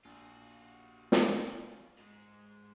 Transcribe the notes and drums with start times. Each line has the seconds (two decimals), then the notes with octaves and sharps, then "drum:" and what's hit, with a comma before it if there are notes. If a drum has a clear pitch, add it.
0.05 A#1 F4 F#4
1.12 drum: snare
1.99 G#2 G#3